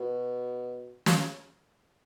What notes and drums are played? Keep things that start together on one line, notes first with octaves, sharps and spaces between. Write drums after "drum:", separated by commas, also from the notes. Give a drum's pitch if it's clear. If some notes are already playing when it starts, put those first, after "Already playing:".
Already playing: B2
drum: snare